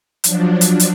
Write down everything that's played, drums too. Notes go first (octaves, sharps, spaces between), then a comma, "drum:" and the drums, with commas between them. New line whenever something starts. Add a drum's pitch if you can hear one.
F3 F#3 D4, drum: hi-hat
drum: hi-hat
drum: hi-hat